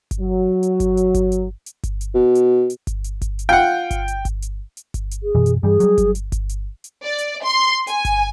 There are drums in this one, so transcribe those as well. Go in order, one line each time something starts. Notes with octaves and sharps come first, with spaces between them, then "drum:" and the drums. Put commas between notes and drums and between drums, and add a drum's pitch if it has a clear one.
drum: kick G1, hi-hat
F#3
drum: hi-hat
drum: kick G1, hi-hat
drum: hi-hat
drum: kick G1, hi-hat
drum: hi-hat
drum: hi-hat
drum: kick G1, hi-hat
drum: hi-hat
B2
drum: hi-hat
drum: hi-hat
drum: kick G1, hi-hat
drum: hi-hat
drum: kick G1, hi-hat
drum: hi-hat
F4 F#5 G5
drum: kick G1, hi-hat
drum: hi-hat
drum: kick G1, hi-hat
drum: hi-hat
drum: hi-hat
drum: kick G1, hi-hat
drum: hi-hat
G#4
F#2 B2 E3
drum: hi-hat
G2 E3 G3 G#4
F#3 G3, drum: hi-hat
drum: kick G1, hi-hat
drum: hi-hat
drum: kick G1, hi-hat
drum: hi-hat
drum: hi-hat
D5
drum: hi-hat
C6
G#5, drum: hi-hat
drum: kick G1, hi-hat